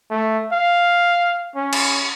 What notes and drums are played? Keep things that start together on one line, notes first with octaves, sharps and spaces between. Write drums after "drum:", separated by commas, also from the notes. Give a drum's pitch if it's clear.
A3
F5
C#4
drum: cymbal